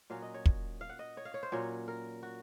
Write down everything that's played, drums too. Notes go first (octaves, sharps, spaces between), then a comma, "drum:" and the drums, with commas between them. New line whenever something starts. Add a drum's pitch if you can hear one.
A#2 F#3 C#4 F5
D#5
C#5
drum: kick
F5
F#5
D#5
C#5
F5
C#5
C5
A#2 F#3 C#4 C#5
A#4
F#4